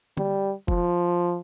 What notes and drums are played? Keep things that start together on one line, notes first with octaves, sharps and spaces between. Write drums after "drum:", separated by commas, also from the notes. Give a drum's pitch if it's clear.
G3, drum: tom D3
F3, drum: kick